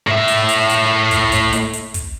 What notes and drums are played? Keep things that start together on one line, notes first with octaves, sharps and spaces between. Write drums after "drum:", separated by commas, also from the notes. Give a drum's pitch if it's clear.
A2 E5
drum: hi-hat
drum: hi-hat
drum: hi-hat
drum: kick, hi-hat
drum: kick, hi-hat
drum: hi-hat
drum: hi-hat
drum: kick, hi-hat